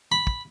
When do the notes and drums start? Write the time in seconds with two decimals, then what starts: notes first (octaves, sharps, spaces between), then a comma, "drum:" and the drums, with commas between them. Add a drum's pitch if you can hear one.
0.12 B5
0.27 drum: kick